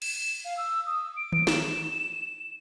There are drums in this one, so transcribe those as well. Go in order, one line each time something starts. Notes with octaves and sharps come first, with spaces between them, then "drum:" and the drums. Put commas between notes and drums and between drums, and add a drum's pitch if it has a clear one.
E7, drum: cymbal
F5
E6
D#6
D7
drum: tom D#3
E7, drum: snare